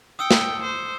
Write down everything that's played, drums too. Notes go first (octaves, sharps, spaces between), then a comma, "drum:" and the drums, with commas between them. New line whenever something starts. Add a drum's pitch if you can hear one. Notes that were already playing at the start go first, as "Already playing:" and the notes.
G5 D#6 E6 C#7
drum: snare
C5